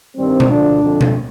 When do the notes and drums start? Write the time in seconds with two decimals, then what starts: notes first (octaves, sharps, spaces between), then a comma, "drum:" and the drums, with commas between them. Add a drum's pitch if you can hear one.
0.17 G2 D#3 G3 C4
0.40 drum: tom B2
0.49 D2 D3 F3 D4
0.80 F2 D3 F3
1.01 drum: tom B2